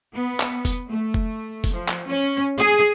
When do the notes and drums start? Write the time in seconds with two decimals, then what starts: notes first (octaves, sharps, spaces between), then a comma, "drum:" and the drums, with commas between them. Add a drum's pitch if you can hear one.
0.14 B3
0.40 drum: clap
0.65 drum: kick F1, tambourine
0.90 A3
1.14 drum: kick F1
1.64 drum: kick F1, tambourine
1.73 F3
1.89 drum: clap
2.06 C#4
2.58 G#4